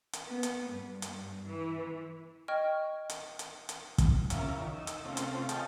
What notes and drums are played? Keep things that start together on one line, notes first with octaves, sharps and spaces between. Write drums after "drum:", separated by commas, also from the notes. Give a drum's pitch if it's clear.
drum: hi-hat
B3
drum: hi-hat
G2
drum: hi-hat
E3
D#5 G5 C#6 F6 G#6
drum: hi-hat
drum: hi-hat
drum: hi-hat
drum: kick, hi-hat
E2 C#4 F4 A#4 E5, drum: hi-hat
D#3
D#4 E6
drum: hi-hat
C3 A3 C4 C#4 F4
drum: hi-hat
G#4 A4 D#5 F5 G5 A5, drum: hi-hat